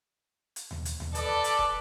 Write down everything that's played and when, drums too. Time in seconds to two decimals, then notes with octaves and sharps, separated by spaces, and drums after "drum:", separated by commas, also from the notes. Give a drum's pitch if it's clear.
0.56 drum: hi-hat
0.71 drum: tom D#2
0.85 drum: hi-hat
1.00 drum: tom D#2
1.15 A4 B4 D5, drum: hi-hat
1.44 drum: hi-hat
1.59 drum: kick